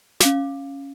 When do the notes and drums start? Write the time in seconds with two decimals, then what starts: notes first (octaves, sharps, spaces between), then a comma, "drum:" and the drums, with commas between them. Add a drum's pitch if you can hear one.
0.20 C#4 F5 D6, drum: snare